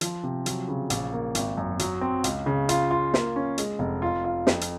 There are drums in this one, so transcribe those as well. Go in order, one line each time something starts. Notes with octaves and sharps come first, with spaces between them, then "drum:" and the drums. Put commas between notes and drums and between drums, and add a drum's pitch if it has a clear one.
F3, drum: hi-hat
C3
F#3, drum: hi-hat
C#3
A#1, drum: hi-hat
A#3
G#1, drum: hi-hat
F#2
F#3, drum: hi-hat
C4
C#2, drum: hi-hat
C#3
F4, drum: hi-hat
F4
A#3, drum: snare
C#4
G#3, drum: hi-hat
F1
F4
F4
F2, drum: snare
drum: hi-hat